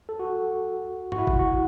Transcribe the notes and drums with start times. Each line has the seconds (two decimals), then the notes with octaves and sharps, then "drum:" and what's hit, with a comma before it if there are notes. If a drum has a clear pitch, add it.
0.09 A4
0.19 F#4
1.12 F#4, drum: tom
1.18 E4
1.27 drum: kick
1.40 F#4